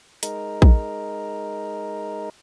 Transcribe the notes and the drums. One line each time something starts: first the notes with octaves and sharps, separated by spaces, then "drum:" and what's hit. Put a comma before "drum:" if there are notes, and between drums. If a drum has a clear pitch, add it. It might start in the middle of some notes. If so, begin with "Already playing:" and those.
G#3 D#4 A#4, drum: hi-hat
drum: kick